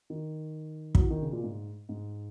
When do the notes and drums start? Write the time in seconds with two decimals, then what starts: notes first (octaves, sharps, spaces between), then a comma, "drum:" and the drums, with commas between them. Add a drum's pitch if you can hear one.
0.10 D#3
0.95 F#3, drum: kick
0.99 E3
1.10 D#3
1.22 C#3
1.32 A#2
1.44 G#2
1.89 G#2